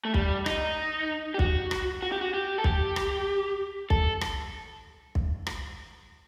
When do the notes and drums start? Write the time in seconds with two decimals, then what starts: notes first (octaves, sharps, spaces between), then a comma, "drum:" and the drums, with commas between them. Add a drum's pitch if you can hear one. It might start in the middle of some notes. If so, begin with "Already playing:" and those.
0.05 A3
0.14 G3, drum: kick
0.46 D#4, drum: rim click
1.34 G4
1.39 F#4, drum: kick
1.71 drum: rim click
2.02 F#4
2.12 G4
2.21 F#4
2.34 G4
2.58 A4
2.64 G4, drum: kick
2.96 drum: rim click
3.90 A4, drum: kick
4.21 drum: rim click
5.15 drum: kick
5.47 drum: rim click